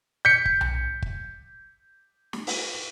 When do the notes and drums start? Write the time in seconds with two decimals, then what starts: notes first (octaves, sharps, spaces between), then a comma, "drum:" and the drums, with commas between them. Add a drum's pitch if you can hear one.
0.25 G6 B6 C#7
0.46 drum: kick
0.61 drum: tom B1
1.02 drum: kick
2.33 drum: snare
2.47 drum: open hi-hat